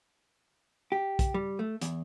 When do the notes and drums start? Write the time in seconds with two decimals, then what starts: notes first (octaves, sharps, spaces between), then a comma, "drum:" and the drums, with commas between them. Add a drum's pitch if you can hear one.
0.92 G4
1.19 drum: kick, hi-hat
1.34 G3
1.59 A3
1.81 E2, drum: hi-hat